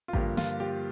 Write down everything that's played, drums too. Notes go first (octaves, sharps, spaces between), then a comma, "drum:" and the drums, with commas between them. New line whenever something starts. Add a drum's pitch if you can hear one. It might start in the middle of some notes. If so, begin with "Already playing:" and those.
F4
G2 D3 F3 A#3 G4, drum: kick A1
F4, drum: snare
G4